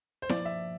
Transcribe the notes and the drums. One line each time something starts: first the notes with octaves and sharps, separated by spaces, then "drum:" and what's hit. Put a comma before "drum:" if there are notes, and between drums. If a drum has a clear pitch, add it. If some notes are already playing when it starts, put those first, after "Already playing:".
C5
G2 F3 A#3 D5, drum: snare E4
E5